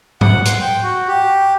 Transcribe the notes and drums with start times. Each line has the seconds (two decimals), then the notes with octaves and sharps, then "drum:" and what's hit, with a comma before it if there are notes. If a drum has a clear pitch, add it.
0.21 F#5, drum: tom G#2
0.45 C6, drum: hi-hat
0.61 G5
0.83 F#4
1.08 G4